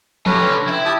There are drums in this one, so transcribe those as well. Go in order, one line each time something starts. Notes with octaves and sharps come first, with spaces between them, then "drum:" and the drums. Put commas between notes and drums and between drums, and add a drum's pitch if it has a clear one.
A3 C#4 G4 B4 A#5, drum: tom F3
D3
E4 E5 G5
G4 A5 D#6